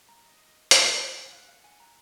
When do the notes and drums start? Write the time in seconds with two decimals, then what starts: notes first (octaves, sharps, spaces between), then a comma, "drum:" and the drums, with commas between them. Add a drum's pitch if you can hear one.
0.09 A#5
0.25 D#5
0.71 F5, drum: hi-hat
1.17 F#5 G#5
1.33 F5
1.49 F5
1.64 G#5
1.80 A#5